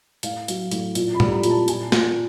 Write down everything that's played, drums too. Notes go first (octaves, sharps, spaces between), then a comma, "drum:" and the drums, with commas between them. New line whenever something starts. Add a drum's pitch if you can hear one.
A2 F5, drum: hi-hat
F#3, drum: hi-hat
A2, drum: hi-hat
A#2, drum: hi-hat
B5
G3, drum: tom
A#5
A#2, drum: hi-hat
A5
A#2 G#5, drum: hi-hat
A#2, drum: snare